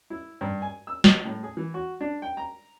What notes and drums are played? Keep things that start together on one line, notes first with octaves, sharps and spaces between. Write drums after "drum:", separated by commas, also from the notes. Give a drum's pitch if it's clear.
E4
G2
G#5
E6
D#5, drum: snare
A2
G#4
E3
F#4
D4
G5
A#5